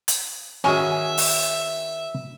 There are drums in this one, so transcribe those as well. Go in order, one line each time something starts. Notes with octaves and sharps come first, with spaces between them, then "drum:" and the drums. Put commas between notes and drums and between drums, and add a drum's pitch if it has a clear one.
drum: hi-hat
D#3 C#4 F#4 G#4 E5 G#5
drum: open hi-hat